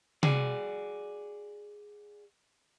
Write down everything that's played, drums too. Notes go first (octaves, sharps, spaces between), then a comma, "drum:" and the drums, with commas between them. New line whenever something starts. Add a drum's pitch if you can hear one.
F#4 G#4 D5, drum: tom C3